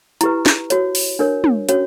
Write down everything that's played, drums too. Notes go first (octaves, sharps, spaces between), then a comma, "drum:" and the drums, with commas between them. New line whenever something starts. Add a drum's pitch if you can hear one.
E4 G4 B4 A#5, drum: hi-hat
drum: snare
F#4 C#5, drum: hi-hat
drum: open hi-hat
D4 A#4 C#5
drum: tom
C#4 F#4 C#5, drum: hi-hat